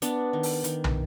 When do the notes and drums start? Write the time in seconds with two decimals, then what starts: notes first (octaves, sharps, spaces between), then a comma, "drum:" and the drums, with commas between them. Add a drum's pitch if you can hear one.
0.02 B3 D4, drum: hi-hat
0.33 D#3
0.43 drum: open hi-hat
0.64 D#3, drum: hi-hat
0.84 drum: tom